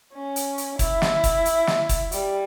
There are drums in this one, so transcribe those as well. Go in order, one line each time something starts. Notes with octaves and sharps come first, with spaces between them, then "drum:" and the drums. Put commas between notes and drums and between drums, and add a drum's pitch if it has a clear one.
C#4
drum: hi-hat
drum: hi-hat
E4, drum: kick, hi-hat
drum: snare
drum: kick, hi-hat
drum: hi-hat
drum: snare
drum: kick, hi-hat
G3, drum: hi-hat